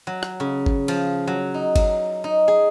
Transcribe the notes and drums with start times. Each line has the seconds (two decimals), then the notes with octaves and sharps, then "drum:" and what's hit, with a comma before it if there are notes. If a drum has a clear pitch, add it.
0.07 F#3
0.23 drum: rim click
0.40 C#3
0.66 drum: kick G1
0.88 F3, drum: cymbal
1.27 F#3
1.54 D#4
1.76 drum: kick G1, cymbal
2.24 D#4
2.48 G#4